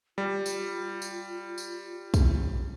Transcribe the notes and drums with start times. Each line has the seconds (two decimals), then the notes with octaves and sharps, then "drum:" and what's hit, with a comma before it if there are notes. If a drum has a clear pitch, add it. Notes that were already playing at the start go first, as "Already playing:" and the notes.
0.18 G3 F4
0.46 drum: tambourine
1.02 drum: tambourine
1.58 drum: tambourine
2.14 drum: kick, tambourine